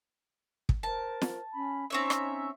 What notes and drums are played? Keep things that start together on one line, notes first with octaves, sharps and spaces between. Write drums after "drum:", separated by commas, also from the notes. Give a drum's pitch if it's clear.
drum: kick
A#4 C5 A5
drum: snare
C#4 B5
C4 C#4 D#4 C#5 E5 C#6
drum: rim click